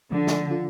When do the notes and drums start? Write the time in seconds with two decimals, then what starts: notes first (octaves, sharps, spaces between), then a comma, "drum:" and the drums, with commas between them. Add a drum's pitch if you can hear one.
0.12 D3 F3
0.27 drum: snare
0.51 F4